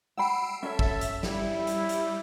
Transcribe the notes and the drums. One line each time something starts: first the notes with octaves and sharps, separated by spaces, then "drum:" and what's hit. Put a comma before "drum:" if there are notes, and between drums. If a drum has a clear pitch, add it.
F#5 G5 B5 E6 C7 D7
C#4 A4 C#5 E5
drum: kick
drum: hi-hat
G3 E4, drum: snare
drum: hi-hat
drum: hi-hat